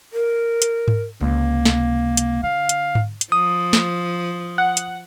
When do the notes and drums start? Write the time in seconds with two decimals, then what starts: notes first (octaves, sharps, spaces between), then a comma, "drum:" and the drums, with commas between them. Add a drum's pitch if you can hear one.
0.13 A#4
0.62 drum: hi-hat
0.88 drum: tom G#2
1.21 C#2 C3 A#3
1.65 drum: snare
2.17 drum: hi-hat
2.43 D3 F5
2.69 drum: hi-hat
2.95 drum: tom G#2
3.21 drum: hi-hat
3.32 F3 D#6
3.73 drum: snare
4.58 F#5
4.77 drum: hi-hat